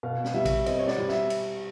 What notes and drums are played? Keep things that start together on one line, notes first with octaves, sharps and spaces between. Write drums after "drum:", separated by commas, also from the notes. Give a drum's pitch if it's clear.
B2 F5
drum: snare
G3 E5
drum: kick A1, cymbal
C4 D#5, drum: cymbal
C#5
D5, drum: snare
G3
E5, drum: snare
drum: cymbal